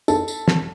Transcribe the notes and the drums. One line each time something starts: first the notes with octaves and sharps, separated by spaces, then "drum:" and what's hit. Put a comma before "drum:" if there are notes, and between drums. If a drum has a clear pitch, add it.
A4, drum: tambourine
drum: tambourine
drum: snare